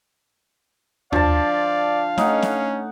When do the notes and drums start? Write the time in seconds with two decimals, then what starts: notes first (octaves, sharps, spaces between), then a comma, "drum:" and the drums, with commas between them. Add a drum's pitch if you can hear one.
1.12 F3 D4 D5 F5 A5, drum: tom D#2
2.18 A3 C#4 D#4 F#5, drum: snare C#4
2.42 drum: snare C#4